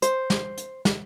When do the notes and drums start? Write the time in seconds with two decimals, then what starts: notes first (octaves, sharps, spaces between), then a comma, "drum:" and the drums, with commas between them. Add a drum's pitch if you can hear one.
0.02 C5, drum: hi-hat
0.30 drum: snare
0.58 drum: hi-hat
0.85 drum: snare